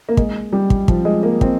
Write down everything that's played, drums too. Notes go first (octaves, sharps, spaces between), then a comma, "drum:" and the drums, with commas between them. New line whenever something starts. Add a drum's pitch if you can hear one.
A#3
G#3, drum: kick
G3
drum: kick
F3, drum: kick
G#3
A#3
C4, drum: kick